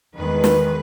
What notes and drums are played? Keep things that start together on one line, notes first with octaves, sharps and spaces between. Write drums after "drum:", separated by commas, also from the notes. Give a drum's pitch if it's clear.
E2 D#3 G#3 B4
drum: snare